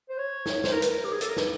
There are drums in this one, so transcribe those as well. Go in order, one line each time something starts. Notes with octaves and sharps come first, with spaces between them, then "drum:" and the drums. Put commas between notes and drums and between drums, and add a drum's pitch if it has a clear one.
C5
C#5
drum: snare
C5, drum: snare
A#4
B4, drum: hi-hat
A#4
G4
G#4
A4, drum: hi-hat
A#4
B4, drum: snare